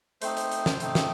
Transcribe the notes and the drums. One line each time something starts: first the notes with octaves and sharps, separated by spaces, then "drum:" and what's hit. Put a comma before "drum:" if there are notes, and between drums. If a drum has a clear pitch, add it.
A3 C4 D#4 C5, drum: hi-hat
drum: hi-hat
drum: hi-hat
drum: snare
A3 C4 D#4, drum: hi-hat
drum: snare